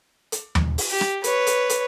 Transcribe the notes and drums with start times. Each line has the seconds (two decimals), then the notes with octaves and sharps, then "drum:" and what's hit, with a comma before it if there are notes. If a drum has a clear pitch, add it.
0.32 drum: hi-hat
0.55 drum: tom D#2
0.78 drum: open hi-hat
0.90 G4
1.01 drum: rim click
1.24 B4 C#5, drum: hi-hat
1.47 drum: hi-hat
1.70 drum: hi-hat